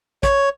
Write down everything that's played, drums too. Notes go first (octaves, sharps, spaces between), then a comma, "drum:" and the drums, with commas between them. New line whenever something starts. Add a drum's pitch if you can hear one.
C#5, drum: kick, hi-hat